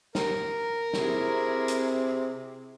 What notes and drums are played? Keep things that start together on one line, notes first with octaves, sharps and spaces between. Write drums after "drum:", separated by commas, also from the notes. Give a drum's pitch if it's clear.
A#4, drum: snare
C3 C4 E4 G#4, drum: snare
drum: hi-hat